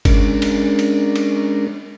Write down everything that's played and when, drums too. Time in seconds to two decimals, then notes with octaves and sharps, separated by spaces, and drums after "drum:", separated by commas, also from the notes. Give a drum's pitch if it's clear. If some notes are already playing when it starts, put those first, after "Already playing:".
0.05 G#3 C#4 D4 A#4, drum: kick, cymbal
0.42 drum: cymbal
0.79 drum: cymbal
1.16 drum: cymbal